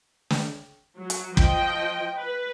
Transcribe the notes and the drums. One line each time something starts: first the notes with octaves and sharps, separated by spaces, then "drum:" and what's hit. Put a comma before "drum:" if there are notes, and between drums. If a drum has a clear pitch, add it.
drum: snare
F#3
drum: hi-hat
F3 D#5 G5, drum: kick
B4